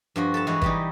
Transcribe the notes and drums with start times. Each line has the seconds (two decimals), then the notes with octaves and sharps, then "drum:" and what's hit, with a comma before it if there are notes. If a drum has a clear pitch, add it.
0.16 G2 F3 F#4
0.34 A4 B4 A5
0.47 E3 G#3 F#4 B4 C#5
0.62 E3 G3 D#4, drum: kick